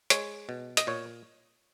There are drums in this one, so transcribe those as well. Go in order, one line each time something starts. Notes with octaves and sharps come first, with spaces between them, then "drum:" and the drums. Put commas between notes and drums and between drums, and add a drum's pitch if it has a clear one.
G#3 C#5, drum: hi-hat
B2
D#5, drum: hi-hat
A#2 C#5